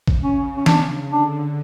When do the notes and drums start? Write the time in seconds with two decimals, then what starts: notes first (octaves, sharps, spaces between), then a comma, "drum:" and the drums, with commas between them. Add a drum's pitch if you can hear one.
0.08 drum: kick
0.22 C#3 C#4
0.57 C#4
0.66 D4, drum: snare
1.11 D3 D4